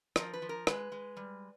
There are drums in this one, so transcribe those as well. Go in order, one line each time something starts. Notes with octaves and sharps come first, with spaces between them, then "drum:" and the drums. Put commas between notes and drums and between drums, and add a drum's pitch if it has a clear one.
F3 A#4, drum: rim click
B4
F3
A#4
G#3 B4, drum: rim click
G#3
G3